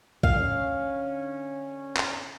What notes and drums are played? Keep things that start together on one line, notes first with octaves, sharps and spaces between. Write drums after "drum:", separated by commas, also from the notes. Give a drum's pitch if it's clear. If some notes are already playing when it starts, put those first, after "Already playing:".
D3 C#4 F5, drum: kick A#1
drum: clap